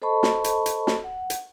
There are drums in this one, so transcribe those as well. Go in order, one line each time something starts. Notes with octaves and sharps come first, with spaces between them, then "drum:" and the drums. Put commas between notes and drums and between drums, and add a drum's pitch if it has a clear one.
A4 C5 D#5 A5 B5 C#6
drum: snare
drum: hi-hat
drum: hi-hat
drum: snare
F#5
drum: hi-hat